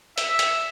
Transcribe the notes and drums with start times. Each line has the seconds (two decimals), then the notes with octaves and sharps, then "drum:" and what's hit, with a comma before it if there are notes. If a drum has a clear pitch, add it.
0.18 E5, drum: hi-hat
0.39 drum: hi-hat